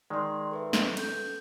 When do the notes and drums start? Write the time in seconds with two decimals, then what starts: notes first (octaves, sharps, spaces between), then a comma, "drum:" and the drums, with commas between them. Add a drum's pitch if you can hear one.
0.10 D#3 G#3 D5 C6
0.51 A4 B4 E5
0.73 drum: snare
0.97 C#4 A4 G6, drum: cymbal